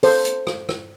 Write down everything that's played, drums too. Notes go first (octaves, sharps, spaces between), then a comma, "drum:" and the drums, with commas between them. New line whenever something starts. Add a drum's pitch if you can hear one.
A4 C5, drum: open hi-hat
drum: hi-hat
drum: rim click
drum: rim click